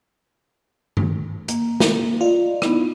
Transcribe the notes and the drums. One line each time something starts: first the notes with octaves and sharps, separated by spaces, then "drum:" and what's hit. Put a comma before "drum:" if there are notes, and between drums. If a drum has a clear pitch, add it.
drum: tom G2
A#3, drum: hi-hat
drum: snare
F4 D5 D#5
B3 D#4 E4, drum: rim click